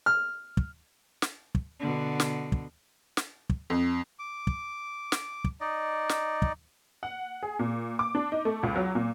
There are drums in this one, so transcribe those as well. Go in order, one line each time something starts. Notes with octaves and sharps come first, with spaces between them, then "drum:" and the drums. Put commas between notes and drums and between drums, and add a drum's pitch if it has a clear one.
F6
drum: kick
drum: snare
drum: kick
B2 D3
drum: snare
drum: kick
drum: snare
drum: kick
F2
D6
drum: kick
drum: snare
drum: kick
D#4 D5 D#5
drum: snare
drum: kick
F#5
G#4
A#2
D6
D4
D#4
A3
C#2
F#3
A#2